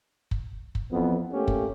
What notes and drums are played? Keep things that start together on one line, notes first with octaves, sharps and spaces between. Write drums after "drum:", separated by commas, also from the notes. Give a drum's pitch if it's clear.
drum: kick
drum: kick
F2 E3 B3
A3 A#3 C#4 G4
drum: kick